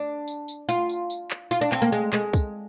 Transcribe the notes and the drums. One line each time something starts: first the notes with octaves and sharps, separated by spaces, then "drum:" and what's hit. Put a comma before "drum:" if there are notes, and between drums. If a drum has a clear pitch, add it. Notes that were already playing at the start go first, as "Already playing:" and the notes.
Already playing: D4
drum: tambourine
drum: tambourine
F4, drum: tambourine
drum: tambourine
drum: tambourine
drum: clap
F4, drum: tambourine
D4
C4, drum: clap
A#3
G#3
G#3, drum: clap
drum: kick, tambourine